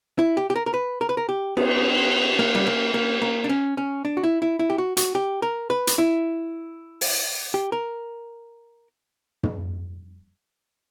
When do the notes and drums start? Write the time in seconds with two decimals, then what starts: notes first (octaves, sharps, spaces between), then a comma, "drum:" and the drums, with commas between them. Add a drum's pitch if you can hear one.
0.19 E4
0.37 G4
0.50 G4
0.56 A#4
0.66 A#4
0.74 B4
1.01 A#4
1.09 B4
1.17 A#4
1.29 G4
1.57 B3, drum: cymbal
2.39 A#3
2.55 G3
2.67 A#3
2.94 A#3
3.22 A#3
3.44 D4
3.49 C#4
3.77 C#4
4.05 D4
4.17 F#4
4.24 E4
4.42 E4
4.59 E4
4.70 G4
4.78 F#4
4.97 F#4, drum: hi-hat
5.15 G4
5.42 A#4
5.70 B4
5.87 drum: hi-hat
5.98 E4
7.01 drum: open hi-hat
7.54 G4
7.72 A#4
9.43 drum: tom